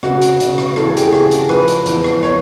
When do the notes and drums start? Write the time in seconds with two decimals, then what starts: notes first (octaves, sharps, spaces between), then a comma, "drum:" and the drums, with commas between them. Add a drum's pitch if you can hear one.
0.03 C#3 F#4, drum: rim click
0.21 drum: hi-hat
0.40 C#3, drum: hi-hat
0.58 drum: rim click
0.76 E3 A4, drum: rim click
0.87 G#4
0.97 G4, drum: hi-hat
1.07 G#4
1.13 C#3, drum: rim click
1.31 drum: hi-hat
1.49 F3 B4, drum: rim click
1.68 drum: hi-hat
1.86 E2, drum: hi-hat
2.04 drum: rim click
2.23 C#5, drum: rim click